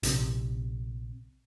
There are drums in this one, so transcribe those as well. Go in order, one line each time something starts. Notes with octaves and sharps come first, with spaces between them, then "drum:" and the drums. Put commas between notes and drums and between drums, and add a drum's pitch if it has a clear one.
A#1 C3, drum: hi-hat